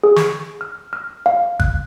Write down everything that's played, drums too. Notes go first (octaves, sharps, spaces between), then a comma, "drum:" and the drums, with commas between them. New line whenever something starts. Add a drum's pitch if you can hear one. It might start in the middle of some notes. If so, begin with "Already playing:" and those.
G#4
C#6, drum: snare
F6
F6
F5
F#6, drum: kick G#1